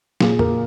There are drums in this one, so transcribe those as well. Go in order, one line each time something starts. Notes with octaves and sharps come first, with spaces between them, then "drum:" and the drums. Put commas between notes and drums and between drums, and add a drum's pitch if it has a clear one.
A#2 G#4, drum: snare
A#4, drum: tom F2